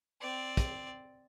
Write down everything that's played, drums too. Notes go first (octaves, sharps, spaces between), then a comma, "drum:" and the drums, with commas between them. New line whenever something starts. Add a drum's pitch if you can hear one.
C4 D5
drum: kick, hi-hat